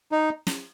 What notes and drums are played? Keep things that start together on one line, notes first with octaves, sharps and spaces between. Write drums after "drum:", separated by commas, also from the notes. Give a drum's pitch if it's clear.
D#4
drum: snare